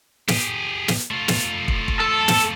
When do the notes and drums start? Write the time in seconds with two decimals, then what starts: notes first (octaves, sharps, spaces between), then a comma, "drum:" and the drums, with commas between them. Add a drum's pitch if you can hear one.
0.28 G4 G#4, drum: snare
0.88 drum: snare
1.11 A3 F4
1.28 drum: snare
1.68 drum: kick
1.88 drum: kick
2.00 A4
2.28 drum: snare